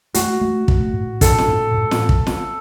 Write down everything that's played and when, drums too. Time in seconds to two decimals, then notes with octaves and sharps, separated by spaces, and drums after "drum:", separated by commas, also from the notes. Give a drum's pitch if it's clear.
0.14 A3 F#4, drum: hi-hat
0.41 A3
0.68 A3, drum: kick
0.94 A2
1.21 D4 A4, drum: kick, hi-hat
1.38 drum: snare
1.48 A2
1.74 A2
1.91 drum: snare
2.09 drum: kick
2.27 drum: snare